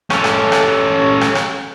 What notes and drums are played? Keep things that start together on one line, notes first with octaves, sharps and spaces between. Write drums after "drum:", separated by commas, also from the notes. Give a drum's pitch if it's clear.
C#4 A4, drum: rim click
drum: rim click
drum: rim click
drum: rim click
drum: rim click